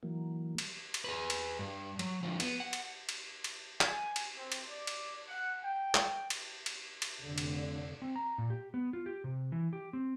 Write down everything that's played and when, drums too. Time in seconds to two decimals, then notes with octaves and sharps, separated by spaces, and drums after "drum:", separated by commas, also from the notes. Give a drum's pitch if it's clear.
0.03 E3 F#3 A#3
0.58 drum: cymbal
0.94 drum: cymbal
1.04 G#4 B4
1.30 drum: cymbal
1.59 G2
1.99 F#3, drum: cymbal
2.23 D3 F3
2.40 B3, drum: cymbal
2.60 F#5
2.73 drum: cymbal
3.09 drum: cymbal
3.44 drum: cymbal
3.81 G#5, drum: clap
4.16 drum: cymbal
4.36 C4
4.52 drum: cymbal
4.68 D5
4.87 drum: cymbal
5.29 F#5
5.64 G5
5.95 drum: clap
6.30 drum: cymbal
6.66 drum: cymbal
7.02 drum: cymbal
7.20 F1 D3
7.38 drum: cymbal
8.02 C4
8.16 A#5
8.38 A#2
8.50 G4
8.74 B3
8.93 F4
9.06 G4
9.24 C3
9.52 E3
9.73 G4
9.93 C4